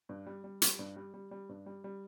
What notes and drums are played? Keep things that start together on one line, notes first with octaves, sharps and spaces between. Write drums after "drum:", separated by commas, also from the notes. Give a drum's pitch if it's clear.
G2
G3
G3
G3, drum: hi-hat
G2
G3
G3
G3
G2
G3
G3